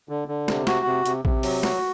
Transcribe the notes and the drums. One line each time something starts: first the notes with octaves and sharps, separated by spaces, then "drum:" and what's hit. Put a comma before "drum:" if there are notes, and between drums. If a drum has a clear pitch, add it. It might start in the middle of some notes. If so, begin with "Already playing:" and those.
D3
D3
C3, drum: snare
F#4, drum: snare
C3
C3, drum: hi-hat
C3, drum: kick A#1
F#3, drum: open hi-hat
F#4, drum: snare